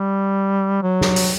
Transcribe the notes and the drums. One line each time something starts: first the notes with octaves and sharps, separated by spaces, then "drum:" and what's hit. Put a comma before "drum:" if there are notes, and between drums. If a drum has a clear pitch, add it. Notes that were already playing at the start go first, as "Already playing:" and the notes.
Already playing: G3
F#3
drum: snare
drum: open hi-hat